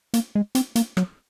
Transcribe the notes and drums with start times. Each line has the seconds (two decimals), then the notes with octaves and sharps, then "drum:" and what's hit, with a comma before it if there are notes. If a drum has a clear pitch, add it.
0.14 A#3, drum: hi-hat
0.35 G#3
0.55 C4, drum: hi-hat
0.75 A#3, drum: hi-hat
0.97 F#3, drum: rim click